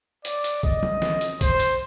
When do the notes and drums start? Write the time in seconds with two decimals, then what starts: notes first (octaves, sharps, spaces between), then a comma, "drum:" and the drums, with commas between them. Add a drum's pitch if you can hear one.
0.25 D5, drum: hi-hat
0.44 drum: hi-hat
0.63 D#5, drum: kick
0.83 drum: tom F#3
1.02 drum: snare
1.21 drum: hi-hat
1.41 C5, drum: kick, hi-hat
1.60 drum: hi-hat